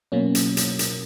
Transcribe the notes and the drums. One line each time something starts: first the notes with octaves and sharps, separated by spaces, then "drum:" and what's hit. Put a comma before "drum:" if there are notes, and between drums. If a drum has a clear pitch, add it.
B2 F#3 A#3 C#4
drum: hi-hat
drum: hi-hat
drum: hi-hat